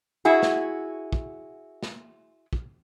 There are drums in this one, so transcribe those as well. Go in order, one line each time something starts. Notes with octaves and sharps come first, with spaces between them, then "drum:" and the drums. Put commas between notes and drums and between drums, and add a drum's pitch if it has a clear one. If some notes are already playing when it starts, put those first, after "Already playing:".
E4 F#4 G#4
drum: snare
drum: kick
drum: snare
drum: kick